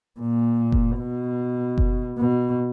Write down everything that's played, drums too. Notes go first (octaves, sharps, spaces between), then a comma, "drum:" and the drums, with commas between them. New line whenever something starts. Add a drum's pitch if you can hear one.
A#2
drum: kick F#1
B2
drum: kick F#1
B2